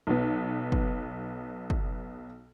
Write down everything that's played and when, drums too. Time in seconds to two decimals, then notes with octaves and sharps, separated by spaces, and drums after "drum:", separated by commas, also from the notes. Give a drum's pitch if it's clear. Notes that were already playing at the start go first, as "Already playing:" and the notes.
0.07 B1 B3
0.72 drum: kick
1.70 drum: kick